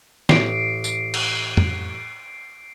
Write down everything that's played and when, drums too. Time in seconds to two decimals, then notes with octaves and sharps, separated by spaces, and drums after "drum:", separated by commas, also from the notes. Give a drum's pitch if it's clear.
0.29 A1 C7 D7, drum: snare
0.84 drum: tambourine
1.14 drum: cymbal
1.57 drum: tom F2